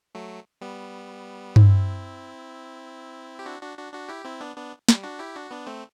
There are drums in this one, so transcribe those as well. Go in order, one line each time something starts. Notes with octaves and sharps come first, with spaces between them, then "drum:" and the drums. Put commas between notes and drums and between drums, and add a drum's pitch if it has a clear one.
F#3 A3
G3 B3
C4 E4, drum: tom G2
G4
D4 F#4
D4 F#4
D4 F#4
D4 F#4
E4 G4
C4 E4
B3 D4
B3 D4
G3, drum: snare
D4 F#4
E4 G4
D4 F#4
B3 D4
A3 C4